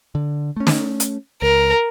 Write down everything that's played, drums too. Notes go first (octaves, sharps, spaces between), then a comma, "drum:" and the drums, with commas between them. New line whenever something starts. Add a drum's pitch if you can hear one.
D3
A3 C#4
drum: snare
drum: hi-hat
C#2 A#4